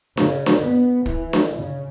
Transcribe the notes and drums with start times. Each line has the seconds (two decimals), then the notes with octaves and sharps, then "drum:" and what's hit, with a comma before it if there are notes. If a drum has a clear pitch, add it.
0.17 C#3, drum: snare D4
0.46 drum: snare D4
0.62 B3
1.06 E3, drum: kick
1.33 drum: snare D4
1.58 C#3